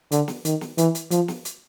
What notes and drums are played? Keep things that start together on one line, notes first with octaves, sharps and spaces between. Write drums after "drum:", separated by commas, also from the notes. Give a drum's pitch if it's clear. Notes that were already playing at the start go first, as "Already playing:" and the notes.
D3, drum: hi-hat
drum: snare
D#3, drum: hi-hat
drum: snare
E3, drum: hi-hat
drum: hi-hat
F3, drum: hi-hat
drum: snare
drum: hi-hat